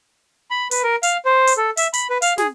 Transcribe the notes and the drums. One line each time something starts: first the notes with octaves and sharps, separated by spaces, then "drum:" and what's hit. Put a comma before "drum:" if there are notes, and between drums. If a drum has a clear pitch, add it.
B5
B4, drum: hi-hat
A#4
F5, drum: hi-hat
C5
drum: hi-hat
A4
E5, drum: hi-hat
B5, drum: hi-hat
B4
F5, drum: hi-hat
G#4, drum: snare